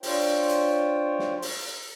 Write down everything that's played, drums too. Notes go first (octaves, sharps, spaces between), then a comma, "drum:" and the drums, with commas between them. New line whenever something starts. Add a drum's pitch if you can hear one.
D4 F4 C5 C#5 G5, drum: open hi-hat
drum: hi-hat
drum: snare
drum: open hi-hat